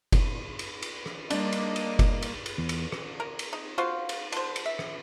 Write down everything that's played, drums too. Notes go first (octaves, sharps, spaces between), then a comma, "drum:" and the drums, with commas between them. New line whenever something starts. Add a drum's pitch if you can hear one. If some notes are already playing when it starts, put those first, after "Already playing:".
drum: kick F#1, cymbal
drum: cymbal
drum: cymbal
drum: rim click
G3 A#3 D4 D#5, drum: cymbal
drum: cymbal
drum: cymbal
drum: kick F#1, cymbal
drum: cymbal
drum: cymbal
E2
drum: cymbal
drum: rim click
A#4
drum: cymbal
D#4
F4 F#4 C5 F5
drum: cymbal
D3 C5, drum: cymbal
drum: cymbal
E5
drum: rim click